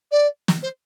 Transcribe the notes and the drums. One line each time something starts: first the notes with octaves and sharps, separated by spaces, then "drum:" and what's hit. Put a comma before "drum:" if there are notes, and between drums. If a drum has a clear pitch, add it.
D5
drum: snare
C5